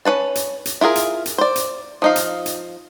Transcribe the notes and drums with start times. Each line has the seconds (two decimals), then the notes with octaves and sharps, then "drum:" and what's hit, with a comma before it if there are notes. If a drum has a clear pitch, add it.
0.05 C#4 F#4 B4 A5
0.35 drum: hi-hat
0.65 drum: hi-hat
0.81 E4 F4 G#4 A#4
0.96 drum: hi-hat
1.26 drum: hi-hat
1.38 C5 D5
1.56 drum: hi-hat
2.02 F3 D#4 F5
2.16 drum: hi-hat
2.46 drum: hi-hat